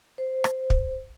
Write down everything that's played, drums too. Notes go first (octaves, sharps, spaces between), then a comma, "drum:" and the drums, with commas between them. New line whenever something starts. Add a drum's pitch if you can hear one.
C5
drum: rim click
drum: kick